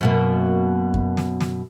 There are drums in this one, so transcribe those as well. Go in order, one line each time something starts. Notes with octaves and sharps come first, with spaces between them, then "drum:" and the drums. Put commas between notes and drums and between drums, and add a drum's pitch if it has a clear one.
F#2 B2 A#3
drum: kick F#2
drum: snare
drum: snare